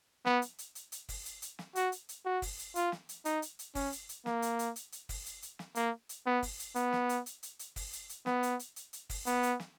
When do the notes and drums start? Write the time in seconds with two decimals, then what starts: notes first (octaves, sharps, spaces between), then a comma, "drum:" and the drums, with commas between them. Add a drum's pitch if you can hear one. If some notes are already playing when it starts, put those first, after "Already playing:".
0.25 B3, drum: snare
0.42 drum: hi-hat
0.59 drum: hi-hat
0.75 drum: hi-hat
0.92 drum: hi-hat
1.09 drum: kick, open hi-hat
1.25 drum: hi-hat
1.42 drum: hi-hat
1.59 drum: snare
1.76 F#4, drum: hi-hat
1.92 drum: hi-hat
2.09 drum: hi-hat
2.25 F#4
2.42 drum: kick, open hi-hat
2.59 drum: hi-hat
2.75 F4, drum: hi-hat
2.92 drum: snare
3.09 drum: hi-hat
3.25 D#4, drum: hi-hat
3.42 drum: hi-hat
3.59 drum: hi-hat
3.75 C#4, drum: kick, open hi-hat
3.92 drum: hi-hat
4.09 drum: hi-hat
4.26 A#3, drum: snare
4.42 drum: hi-hat
4.59 drum: hi-hat
4.76 drum: hi-hat
4.92 drum: hi-hat
5.09 drum: kick, open hi-hat
5.26 drum: hi-hat
5.42 drum: hi-hat
5.59 drum: snare
5.75 A#3, drum: hi-hat
6.09 drum: hi-hat
6.26 B3
6.43 drum: kick, open hi-hat
6.59 drum: hi-hat
6.76 B3, drum: hi-hat
6.93 drum: snare
7.09 drum: hi-hat
7.26 drum: hi-hat
7.43 drum: hi-hat
7.59 drum: hi-hat
7.76 drum: kick, open hi-hat
7.93 drum: hi-hat
8.09 drum: hi-hat
8.26 B3, drum: snare
8.43 drum: hi-hat
8.59 drum: hi-hat
8.76 drum: hi-hat
8.93 drum: hi-hat
9.10 drum: kick, open hi-hat
9.26 B3, drum: hi-hat
9.43 drum: hi-hat
9.60 drum: snare